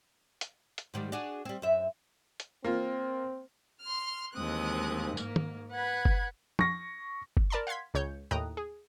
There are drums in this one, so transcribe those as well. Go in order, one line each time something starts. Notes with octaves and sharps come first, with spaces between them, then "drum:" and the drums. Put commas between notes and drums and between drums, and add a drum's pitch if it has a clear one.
drum: hi-hat
drum: hi-hat
G#2 D#3 G3
D4 F#4 G#4
G3 C4
F#2 E5
drum: hi-hat
A#3 C4 F4
C6 F6
D#2 E3 G#3 C4 D#6 F#6
G#2 A#3, drum: tambourine
drum: tom
B4 F#5 B5 G#6
drum: kick F#1
C#6 A#6, drum: tom
drum: kick F#1
A#4 D5 A5 B5 C6
F5 F#5 C6 G#6 B6
C#2 C#3 C#5 G6 C#7
D#2 A2 G5 A#5 D#6 F#6
G#4